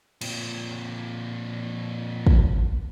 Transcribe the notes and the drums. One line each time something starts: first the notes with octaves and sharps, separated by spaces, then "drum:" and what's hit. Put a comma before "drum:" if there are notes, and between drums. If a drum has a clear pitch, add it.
A#2 C4, drum: cymbal
drum: kick